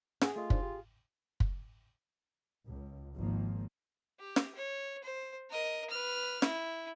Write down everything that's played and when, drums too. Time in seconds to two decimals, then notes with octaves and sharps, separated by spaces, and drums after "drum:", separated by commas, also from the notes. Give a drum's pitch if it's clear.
0.22 G#4 F#5 G#5, drum: snare
0.36 A3 F4 D#5
0.50 D4 D#4 C5, drum: kick
0.63 G4
1.40 drum: kick
2.67 C#2
3.15 G#1 G#2 D#3 F3 A#3
4.19 G4
4.36 drum: snare
4.55 C#5
5.03 C5
5.50 A#4 D#5
5.90 B4 F6
6.42 E4, drum: snare